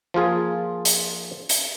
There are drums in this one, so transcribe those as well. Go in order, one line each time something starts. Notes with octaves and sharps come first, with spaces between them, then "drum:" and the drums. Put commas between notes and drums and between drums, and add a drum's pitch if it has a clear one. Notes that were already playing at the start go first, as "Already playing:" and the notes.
F3 A#3 F4 G#4
drum: hi-hat
drum: hi-hat